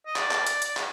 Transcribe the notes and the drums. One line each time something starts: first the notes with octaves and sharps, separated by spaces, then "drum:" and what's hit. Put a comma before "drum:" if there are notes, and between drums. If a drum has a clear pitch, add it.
D#5
D5, drum: clap
drum: clap
drum: hi-hat
drum: hi-hat
drum: clap